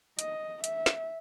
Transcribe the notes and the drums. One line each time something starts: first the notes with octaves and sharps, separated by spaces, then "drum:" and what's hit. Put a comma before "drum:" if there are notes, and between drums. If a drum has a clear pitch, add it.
D#5, drum: hi-hat
E5, drum: hi-hat
drum: snare